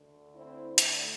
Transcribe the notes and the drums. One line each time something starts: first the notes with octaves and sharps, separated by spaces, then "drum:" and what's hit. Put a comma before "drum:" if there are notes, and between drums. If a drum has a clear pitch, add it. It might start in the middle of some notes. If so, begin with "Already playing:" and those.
Already playing: D2 D3
C4 E4
A3 D4, drum: hi-hat